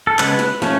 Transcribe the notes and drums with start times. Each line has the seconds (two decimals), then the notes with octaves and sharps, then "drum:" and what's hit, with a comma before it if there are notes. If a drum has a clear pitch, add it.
0.07 A4
0.19 C#3 G#3 B3 B4, drum: clap
0.39 drum: snare
0.62 F3 A3 C#4, drum: snare